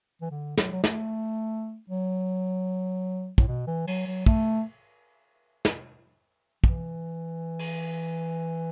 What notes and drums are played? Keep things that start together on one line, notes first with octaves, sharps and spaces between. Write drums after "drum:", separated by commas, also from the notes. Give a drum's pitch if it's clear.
E3
D3
F#3, drum: snare
F#3
A3, drum: snare
F#3
A2, drum: kick
B2
E3
F#3, drum: cymbal
F#3
A3, drum: kick
drum: snare
E3, drum: kick
drum: cymbal